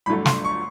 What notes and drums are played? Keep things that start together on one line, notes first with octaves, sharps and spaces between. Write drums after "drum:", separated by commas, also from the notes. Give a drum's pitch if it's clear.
G1 G2 D3 F#3 A3 B5
C6, drum: snare
C#6